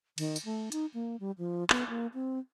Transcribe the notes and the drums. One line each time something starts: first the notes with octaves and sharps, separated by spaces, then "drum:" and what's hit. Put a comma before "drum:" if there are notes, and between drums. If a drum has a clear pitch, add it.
D#3, drum: cymbal
drum: tambourine
A3
D#4, drum: hi-hat
A#3
G3
F3
B3, drum: clap
A#3
C4